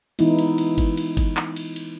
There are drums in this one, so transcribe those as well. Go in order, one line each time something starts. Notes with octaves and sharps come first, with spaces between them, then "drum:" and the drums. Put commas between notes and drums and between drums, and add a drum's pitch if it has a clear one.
E3 G#3 B3 D#4 E4, drum: cymbal
drum: cymbal
drum: cymbal
drum: kick G1, cymbal
drum: cymbal
drum: kick G1, cymbal
drum: clap
drum: cymbal
drum: cymbal